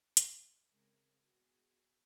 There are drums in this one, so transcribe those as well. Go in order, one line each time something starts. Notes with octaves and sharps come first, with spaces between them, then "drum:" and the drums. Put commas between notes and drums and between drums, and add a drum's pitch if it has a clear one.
drum: hi-hat
C#3 G#3 C4 G#4 A#4
B3 F#4 G#4